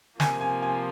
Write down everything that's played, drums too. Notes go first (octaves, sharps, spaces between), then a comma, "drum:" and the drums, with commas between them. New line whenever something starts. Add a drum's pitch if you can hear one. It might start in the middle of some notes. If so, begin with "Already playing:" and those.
C3 F3 A#3 G#5, drum: snare
G#5
G#5